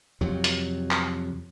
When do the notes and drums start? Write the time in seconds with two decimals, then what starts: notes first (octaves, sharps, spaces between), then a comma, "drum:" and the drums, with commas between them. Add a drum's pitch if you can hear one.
0.21 F2 C3 F#3
0.44 drum: hi-hat
0.91 drum: clap